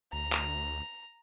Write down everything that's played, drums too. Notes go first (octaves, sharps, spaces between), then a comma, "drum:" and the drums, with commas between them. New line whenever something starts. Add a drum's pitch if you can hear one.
D2 A#5
drum: clap